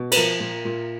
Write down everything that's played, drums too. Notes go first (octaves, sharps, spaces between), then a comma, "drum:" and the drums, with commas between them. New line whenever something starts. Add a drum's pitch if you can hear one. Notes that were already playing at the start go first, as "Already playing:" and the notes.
Already playing: B2
B4, drum: cymbal
F3 A#4
A#2
A#2